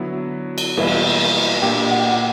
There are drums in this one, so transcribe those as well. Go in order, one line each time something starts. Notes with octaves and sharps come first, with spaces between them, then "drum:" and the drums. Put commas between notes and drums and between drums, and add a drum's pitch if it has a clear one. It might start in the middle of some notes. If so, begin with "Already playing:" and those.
Already playing: D3 F#3 B3 E4
drum: cymbal
E2 B2 G3 A#3 E4, drum: cymbal
A#2 A#3 D4 G4 G5
F#5
G5
F#5